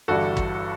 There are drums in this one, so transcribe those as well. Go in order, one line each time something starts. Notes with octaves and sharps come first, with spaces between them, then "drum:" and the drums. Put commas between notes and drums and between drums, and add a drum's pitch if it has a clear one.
G1 G2 E3 G3 F#4 A4
drum: kick